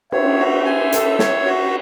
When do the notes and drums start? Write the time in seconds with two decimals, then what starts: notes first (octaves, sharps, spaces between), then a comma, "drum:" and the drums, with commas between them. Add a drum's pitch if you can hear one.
0.12 C#5 E5, drum: cymbal
0.39 F#4
0.65 G#5
0.92 A4, drum: hi-hat
1.19 C#5, drum: snare
1.45 F#4